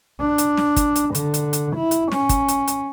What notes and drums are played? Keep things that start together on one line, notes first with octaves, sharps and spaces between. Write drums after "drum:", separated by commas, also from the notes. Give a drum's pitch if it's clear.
D4
drum: hi-hat
drum: snare
drum: kick, hi-hat
drum: hi-hat
D3, drum: hi-hat
drum: hi-hat
drum: hi-hat
E4
drum: hi-hat
C#4, drum: snare
drum: kick, hi-hat
drum: hi-hat
drum: hi-hat